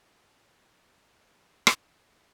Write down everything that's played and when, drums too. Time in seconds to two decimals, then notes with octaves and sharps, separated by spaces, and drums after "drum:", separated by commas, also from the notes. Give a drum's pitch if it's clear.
0.14 D#3 C4 C#5 D#5 C#6 D6
1.67 drum: rim click